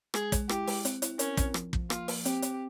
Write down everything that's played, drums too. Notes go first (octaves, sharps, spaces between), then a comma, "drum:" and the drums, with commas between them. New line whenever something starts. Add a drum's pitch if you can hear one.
G#3 G#4, drum: rim click
G#3, drum: kick, hi-hat
E4 G4, drum: rim click
G#3, drum: open hi-hat
C4, drum: hi-hat
E4, drum: hi-hat
C#4 A#4, drum: hi-hat
C4, drum: kick, hi-hat
F3, drum: rim click
F3, drum: kick
A#3 F4, drum: rim click
A#3, drum: open hi-hat
C4 G4, drum: hi-hat
C4, drum: hi-hat